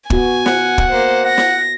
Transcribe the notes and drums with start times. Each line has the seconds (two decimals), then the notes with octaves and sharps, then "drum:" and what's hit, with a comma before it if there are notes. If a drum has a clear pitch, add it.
0.10 B3 F#4 G#5, drum: kick
0.46 F#5, drum: snare
0.78 drum: kick
0.91 A#3 C5
1.25 F#5 A#6
1.38 drum: snare